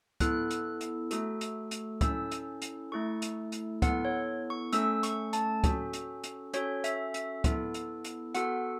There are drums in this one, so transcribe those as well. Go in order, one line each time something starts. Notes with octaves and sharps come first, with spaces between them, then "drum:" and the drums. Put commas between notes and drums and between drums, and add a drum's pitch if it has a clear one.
B3 E4 A4 F#6, drum: kick C#2, hi-hat
drum: hi-hat
drum: hi-hat
A3 F#4 A4, drum: hi-hat
drum: hi-hat
drum: hi-hat
C#4 E4 A4 E6, drum: kick C#2, hi-hat
drum: hi-hat
drum: hi-hat
A3 E4 A4 C#6
drum: hi-hat
drum: hi-hat
B3 E4 A4 F#5, drum: kick C#2, hi-hat
C#5
C#6
A3 C#4 A4 E6, drum: hi-hat
C#6, drum: hi-hat
A5, drum: hi-hat
C#4 F#4 A4, drum: kick C#2, hi-hat
drum: hi-hat
drum: hi-hat
C#4 F#4 A4 C#5, drum: hi-hat
E5, drum: hi-hat
E5, drum: hi-hat
B3 E4 A4, drum: kick C#2, hi-hat
drum: hi-hat
drum: hi-hat
B3 F#4 A4 F#5, drum: hi-hat